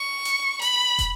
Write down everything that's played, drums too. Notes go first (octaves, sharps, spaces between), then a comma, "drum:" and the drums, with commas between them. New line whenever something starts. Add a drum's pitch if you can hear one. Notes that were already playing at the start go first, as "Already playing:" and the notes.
Already playing: C#6
drum: hi-hat
B5, drum: hi-hat
drum: kick, hi-hat